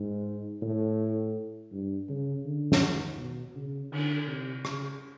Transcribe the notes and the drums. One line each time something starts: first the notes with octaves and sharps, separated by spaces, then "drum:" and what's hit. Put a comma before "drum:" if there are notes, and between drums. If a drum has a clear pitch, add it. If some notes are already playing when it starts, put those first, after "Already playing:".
Already playing: G#2
A2
G2
C#3
D3
drum: snare
D#3
B2
C#3
D3, drum: cymbal
C3
C#3, drum: rim click